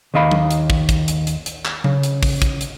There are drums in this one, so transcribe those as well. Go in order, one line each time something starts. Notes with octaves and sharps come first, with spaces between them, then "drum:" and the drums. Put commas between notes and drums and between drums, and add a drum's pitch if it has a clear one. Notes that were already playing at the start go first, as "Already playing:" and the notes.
D#2 D#3 D#5 F5 B5
drum: tom F#3
drum: hi-hat
drum: kick
drum: kick, hi-hat
drum: hi-hat
drum: hi-hat
drum: hi-hat
drum: clap
C#3, drum: tom F#3
drum: hi-hat
drum: kick, open hi-hat
drum: kick, hi-hat
drum: hi-hat